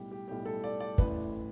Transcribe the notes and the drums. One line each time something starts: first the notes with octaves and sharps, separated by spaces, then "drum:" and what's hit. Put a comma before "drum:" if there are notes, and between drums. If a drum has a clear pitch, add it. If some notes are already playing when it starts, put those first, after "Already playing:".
Already playing: B1 A2 G3 G4
G4
B1 A2 G3 G4
A4
D5
D5
A1 A2 E3 B4, drum: kick